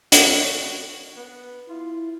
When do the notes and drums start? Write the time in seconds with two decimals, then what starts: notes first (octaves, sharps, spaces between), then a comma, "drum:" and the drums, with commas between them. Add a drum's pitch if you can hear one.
0.12 F#4, drum: hi-hat
1.16 B3
1.69 E4 F4